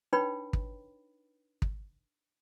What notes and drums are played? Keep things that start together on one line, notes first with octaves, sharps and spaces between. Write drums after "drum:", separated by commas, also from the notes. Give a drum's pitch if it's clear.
D4 D#4 B4 C#5 G5 B5
drum: kick
drum: kick